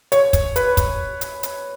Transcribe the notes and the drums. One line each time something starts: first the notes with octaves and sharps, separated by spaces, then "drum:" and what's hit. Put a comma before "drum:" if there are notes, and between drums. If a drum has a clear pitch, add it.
C#5, drum: hi-hat
drum: kick, hi-hat
B4, drum: hi-hat
drum: kick, hi-hat
drum: hi-hat
drum: hi-hat